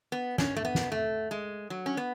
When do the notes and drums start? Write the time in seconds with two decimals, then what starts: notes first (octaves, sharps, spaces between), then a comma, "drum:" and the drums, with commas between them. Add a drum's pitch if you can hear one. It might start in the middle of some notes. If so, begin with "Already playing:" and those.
0.12 B3
0.38 C#4, drum: snare
0.57 A3
0.65 B3
0.75 drum: snare
0.92 A3
1.31 G#3
1.70 F#3
1.86 C#4
1.97 B3